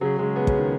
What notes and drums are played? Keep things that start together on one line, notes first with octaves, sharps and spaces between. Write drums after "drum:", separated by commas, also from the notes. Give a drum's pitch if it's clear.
C#3 F#3
C#3 G#3
B3
C#4, drum: kick
D#3